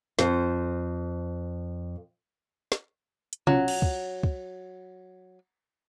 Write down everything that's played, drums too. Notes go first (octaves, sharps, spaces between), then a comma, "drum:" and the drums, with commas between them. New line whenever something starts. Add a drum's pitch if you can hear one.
F2 C5, drum: snare
drum: snare
drum: hi-hat
B1 F#3 C#4 F4, drum: tom C3
drum: cymbal
drum: kick
drum: kick